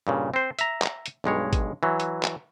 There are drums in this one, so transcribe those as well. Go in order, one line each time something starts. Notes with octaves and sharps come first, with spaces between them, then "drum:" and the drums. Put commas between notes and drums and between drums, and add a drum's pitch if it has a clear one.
G2 A#2 C#3
C4 C5
E5 A#5, drum: hi-hat
drum: clap
drum: hi-hat
B1 G2 G#3 C#5
drum: kick, hi-hat
E3 F#3
drum: hi-hat
drum: clap